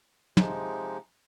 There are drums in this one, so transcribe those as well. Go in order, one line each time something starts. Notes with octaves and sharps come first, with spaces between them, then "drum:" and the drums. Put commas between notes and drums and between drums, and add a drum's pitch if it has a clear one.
C3 F3 G#3 D#4, drum: tom